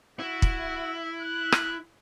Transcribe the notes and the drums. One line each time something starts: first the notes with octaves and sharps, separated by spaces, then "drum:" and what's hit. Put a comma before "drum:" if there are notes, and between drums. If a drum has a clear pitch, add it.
E4 F#4
drum: kick
F#6
drum: rim click